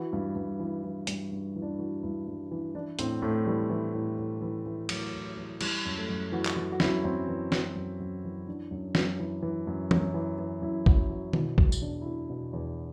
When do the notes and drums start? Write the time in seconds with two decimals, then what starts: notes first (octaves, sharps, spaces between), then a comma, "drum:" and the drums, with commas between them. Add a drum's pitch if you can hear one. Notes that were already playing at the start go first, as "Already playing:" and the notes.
Already playing: E3 F#4
0.13 G2
0.36 G2
0.60 E3
0.84 E3
1.07 G2, drum: hi-hat
1.32 G2
1.56 E3 E4
1.62 D4
1.71 E4
1.79 E3 F#4
2.03 G2 E4
2.27 G2
2.51 E3
2.75 E3 D4
2.99 A2 C4, drum: hi-hat
3.22 A2 A3
3.46 E3 G3
3.70 E3
3.94 A2
4.19 A2
4.42 E3
4.66 E3
4.89 A2 F#3, drum: cymbal
5.14 A2
5.37 E3
5.61 E3 G3, drum: cymbal
5.85 F#2
5.97 A3
6.09 F#2
6.32 E3 F#4
6.45 drum: clap
6.56 E3 F#4
6.72 F#4
6.80 F#2 E4, drum: snare
7.04 F#2 C4
7.28 E3
7.52 E3, drum: snare
7.75 F#2
8.00 F#2
8.24 E3
8.47 E3 D4
8.71 F#2
8.95 F#2, drum: snare
9.19 E3
9.42 E3
9.67 F#2
9.91 F#2, drum: tom
10.14 E3
10.38 E3
10.62 F#2 E4
10.86 F#2 F#4, drum: kick
11.10 E3 F#4
11.33 B2 E4, drum: tom D#3
11.58 E2 F#4, drum: kick
11.72 drum: tambourine
11.81 E2 D4
12.01 E4
12.06 B2 F#4
12.30 B2
12.53 E2